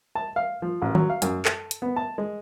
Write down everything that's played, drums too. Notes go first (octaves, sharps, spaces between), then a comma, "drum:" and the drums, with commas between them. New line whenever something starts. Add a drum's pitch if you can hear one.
A5
F5
F3
A1
F#3, drum: tom D#3
F5
F#2, drum: hi-hat
A4, drum: clap
drum: hi-hat
B3
A5
G#3